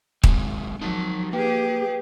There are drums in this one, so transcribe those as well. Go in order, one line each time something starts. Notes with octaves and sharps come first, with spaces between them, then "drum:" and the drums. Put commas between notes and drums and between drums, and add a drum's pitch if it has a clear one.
F#3 G#3 C4, drum: kick
F3 F#3 D#4 A#4 A5
A#3 G4 G#4 B4 G5